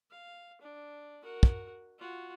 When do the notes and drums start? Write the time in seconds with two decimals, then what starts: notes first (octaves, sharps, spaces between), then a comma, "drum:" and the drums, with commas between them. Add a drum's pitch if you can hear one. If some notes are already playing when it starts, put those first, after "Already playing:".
0.11 F5
0.62 D4
1.23 F#4 A#4
1.43 drum: kick
1.99 F4 F#4